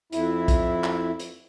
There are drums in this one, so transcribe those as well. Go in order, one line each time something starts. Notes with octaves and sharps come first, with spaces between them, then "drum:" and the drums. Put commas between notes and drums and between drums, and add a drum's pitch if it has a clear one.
F2 E4, drum: hi-hat
drum: kick A#1, hi-hat
drum: clap
drum: hi-hat